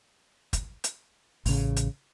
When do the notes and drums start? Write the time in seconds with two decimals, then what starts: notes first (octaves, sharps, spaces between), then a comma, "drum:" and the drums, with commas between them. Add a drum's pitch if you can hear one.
0.53 drum: kick, hi-hat
0.84 drum: hi-hat
1.46 A1 C#3, drum: open hi-hat
1.76 drum: hi-hat